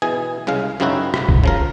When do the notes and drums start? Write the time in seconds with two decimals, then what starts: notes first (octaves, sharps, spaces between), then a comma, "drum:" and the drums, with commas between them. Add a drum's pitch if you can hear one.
0.02 B2 E3 G#4 G#5
0.47 C2 C#3 G#3 F5
0.80 F#2 C#3 C4 D#4 E4 F#4
1.14 drum: rim click
1.29 drum: kick
1.44 C#3 F3 A#4